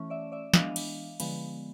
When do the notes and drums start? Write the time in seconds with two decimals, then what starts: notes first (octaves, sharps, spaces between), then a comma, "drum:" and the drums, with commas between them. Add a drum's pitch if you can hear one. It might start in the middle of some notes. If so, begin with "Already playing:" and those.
Already playing: E3 A3 C#4
0.10 D5 E5
0.32 D5 E5
0.54 E3 G#3 B3 D4 D#5 F5, drum: snare
0.76 drum: cymbal
1.20 D3 F3 G#3 B3, drum: cymbal